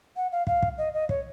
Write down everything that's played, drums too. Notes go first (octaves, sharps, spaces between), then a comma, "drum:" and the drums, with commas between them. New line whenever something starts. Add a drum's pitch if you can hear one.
F#5
F5
F5, drum: kick
drum: kick
D#5
D#5
C#5, drum: kick